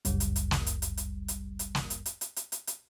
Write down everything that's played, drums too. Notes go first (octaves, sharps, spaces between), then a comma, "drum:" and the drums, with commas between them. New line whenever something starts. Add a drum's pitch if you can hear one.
G1 C#2 F#2 G3, drum: hi-hat
drum: hi-hat
drum: hi-hat
drum: snare
drum: hi-hat
drum: hi-hat
drum: hi-hat
drum: hi-hat
drum: hi-hat
drum: snare
drum: hi-hat
drum: hi-hat
drum: hi-hat
drum: hi-hat
drum: hi-hat
drum: hi-hat